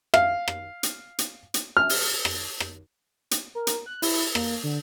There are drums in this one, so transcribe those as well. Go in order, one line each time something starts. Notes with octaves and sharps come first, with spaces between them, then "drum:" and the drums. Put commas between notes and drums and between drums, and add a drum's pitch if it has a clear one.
F5, drum: rim click
drum: rim click
drum: hi-hat
drum: hi-hat
drum: hi-hat
F6
drum: open hi-hat
drum: rim click
drum: rim click
drum: hi-hat
A#4
drum: hi-hat
F#6
E4, drum: open hi-hat
A#3, drum: rim click
D3